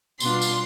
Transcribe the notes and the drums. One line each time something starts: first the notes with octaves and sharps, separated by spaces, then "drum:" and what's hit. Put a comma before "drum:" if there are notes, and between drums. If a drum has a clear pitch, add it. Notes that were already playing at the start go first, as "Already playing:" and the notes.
B2 G3 D4 F4 C6, drum: tambourine
drum: tambourine